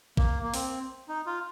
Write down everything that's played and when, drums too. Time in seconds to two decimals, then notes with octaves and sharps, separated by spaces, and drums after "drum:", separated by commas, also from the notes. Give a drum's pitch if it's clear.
0.17 A#3, drum: kick
0.43 A#3
0.54 C4, drum: open hi-hat
1.09 D#4
1.26 F4